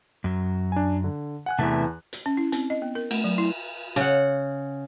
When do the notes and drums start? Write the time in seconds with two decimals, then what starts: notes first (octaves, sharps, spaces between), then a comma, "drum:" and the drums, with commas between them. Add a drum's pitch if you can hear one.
0.24 F#2 F#3
0.72 D4 G#5
1.04 D3
1.46 F#5 G#5 F#6
1.59 E2 C3 E3 A3 E4 A5
2.13 drum: hi-hat
2.26 C#4
2.37 E4
2.52 C4, drum: hi-hat
2.70 D#5
2.82 B3
2.95 A#4
3.11 A3, drum: cymbal
3.24 F#3
3.38 E4
3.96 C#3 F#5, drum: hi-hat